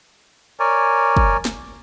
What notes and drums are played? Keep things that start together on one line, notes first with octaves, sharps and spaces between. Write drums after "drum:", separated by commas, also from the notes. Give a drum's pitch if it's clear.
A#4 C#5 D5 G#5
drum: kick
drum: snare